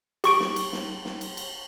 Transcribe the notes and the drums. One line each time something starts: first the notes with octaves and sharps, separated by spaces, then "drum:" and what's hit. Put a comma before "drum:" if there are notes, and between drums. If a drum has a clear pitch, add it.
G4 C#6 D7, drum: cymbal
drum: snare
drum: cymbal
drum: snare
drum: snare
drum: cymbal
drum: cymbal